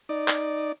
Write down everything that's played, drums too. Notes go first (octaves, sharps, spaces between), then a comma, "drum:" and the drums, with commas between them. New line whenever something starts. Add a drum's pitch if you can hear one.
D#4 D5
drum: clap